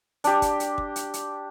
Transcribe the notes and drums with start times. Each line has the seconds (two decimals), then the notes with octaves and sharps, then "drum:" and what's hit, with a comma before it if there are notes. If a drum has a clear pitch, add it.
0.24 D4 G4, drum: hi-hat
0.42 drum: kick, hi-hat
0.60 drum: hi-hat
0.78 drum: kick
0.96 drum: hi-hat
1.14 drum: hi-hat